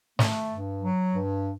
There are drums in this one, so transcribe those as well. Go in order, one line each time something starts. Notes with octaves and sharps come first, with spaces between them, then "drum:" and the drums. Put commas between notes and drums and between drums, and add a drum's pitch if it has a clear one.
A3, drum: snare
G2
F#3
G2